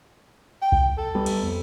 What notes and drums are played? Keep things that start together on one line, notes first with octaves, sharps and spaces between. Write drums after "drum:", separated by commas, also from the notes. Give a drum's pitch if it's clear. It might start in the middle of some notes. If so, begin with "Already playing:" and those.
G5
drum: kick B1
A4
G3 B3
drum: cymbal
F2